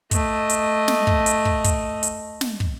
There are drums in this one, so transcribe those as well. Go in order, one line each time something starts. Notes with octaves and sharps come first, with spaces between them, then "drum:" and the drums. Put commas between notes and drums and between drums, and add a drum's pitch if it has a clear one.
A3 D#5, drum: kick, hi-hat
drum: hi-hat
drum: snare
drum: kick
drum: hi-hat
drum: kick
drum: kick, hi-hat
drum: hi-hat
drum: snare
drum: kick